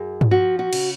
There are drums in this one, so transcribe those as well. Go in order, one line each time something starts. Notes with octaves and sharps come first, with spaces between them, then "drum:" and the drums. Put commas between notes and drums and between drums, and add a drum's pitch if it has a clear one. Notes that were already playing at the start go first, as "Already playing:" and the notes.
Already playing: F#2 G#4
drum: tom G2
F3 F#4
F#4
C#3, drum: cymbal